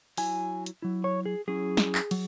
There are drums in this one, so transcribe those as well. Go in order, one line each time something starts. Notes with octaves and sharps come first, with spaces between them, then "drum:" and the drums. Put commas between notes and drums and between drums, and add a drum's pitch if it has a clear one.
F#3 E4 G#5, drum: open hi-hat
drum: hi-hat
F#3 E4
C#5
G#4
F#3 C#4 E4 G#4
drum: snare
drum: clap
F#3, drum: cymbal